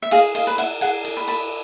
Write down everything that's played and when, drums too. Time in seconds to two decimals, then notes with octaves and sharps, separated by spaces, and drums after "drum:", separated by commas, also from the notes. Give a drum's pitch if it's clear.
0.02 E5
0.11 G#4 D#5 F5, drum: cymbal
0.35 D#5 F5, drum: cymbal
0.47 B4
0.58 E5 F#5, drum: cymbal
0.81 G#4 F#5 G#5, drum: cymbal
1.05 drum: cymbal
1.17 B4
1.28 A5 B5, drum: cymbal